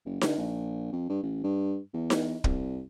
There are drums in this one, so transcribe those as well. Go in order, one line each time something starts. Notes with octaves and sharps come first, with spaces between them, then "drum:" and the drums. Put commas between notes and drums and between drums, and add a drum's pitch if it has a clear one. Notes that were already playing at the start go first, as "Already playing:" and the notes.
F#1
D3, drum: snare D#4
A#1
F2
G2
A1
G2
E2
drum: snare D#4
C2, drum: kick